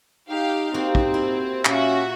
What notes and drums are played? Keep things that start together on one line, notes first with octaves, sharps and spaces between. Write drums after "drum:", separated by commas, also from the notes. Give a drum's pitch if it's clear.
D#4 G4 F5
A#3 C4 F#4 G4
drum: kick
E4
A#2 A#3 C#4 F#4 E5, drum: clap